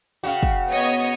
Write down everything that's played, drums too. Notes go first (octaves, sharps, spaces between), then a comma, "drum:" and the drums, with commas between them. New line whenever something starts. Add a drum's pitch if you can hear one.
C#3 F#4 F5 G5
drum: kick
B3 C#5 D#5